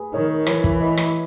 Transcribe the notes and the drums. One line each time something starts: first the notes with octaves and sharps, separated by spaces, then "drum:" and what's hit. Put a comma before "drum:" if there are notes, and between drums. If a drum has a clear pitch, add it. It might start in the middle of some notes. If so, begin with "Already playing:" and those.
Already playing: G#4 B4
D#3 A#4 C#5
E3 A#4 C#5, drum: rim click
drum: kick
B4 D#5
drum: rim click